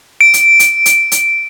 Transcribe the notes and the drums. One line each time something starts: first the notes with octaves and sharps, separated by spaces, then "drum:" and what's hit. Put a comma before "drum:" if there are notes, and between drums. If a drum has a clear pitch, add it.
D7
drum: hi-hat
drum: hi-hat
drum: hi-hat
drum: hi-hat